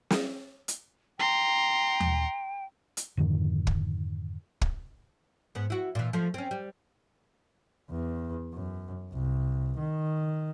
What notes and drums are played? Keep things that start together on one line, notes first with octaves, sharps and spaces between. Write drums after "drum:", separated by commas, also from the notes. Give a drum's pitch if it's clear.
drum: snare
drum: hi-hat
G5 A#5 C6
drum: tom D#2
drum: hi-hat
F2 G#2 D3 D#3
drum: kick
drum: kick
G#2 B3
E4 F#4
A#2 E3
F3 A3
C4 C#4
G3
E2
F#2
C2
D#3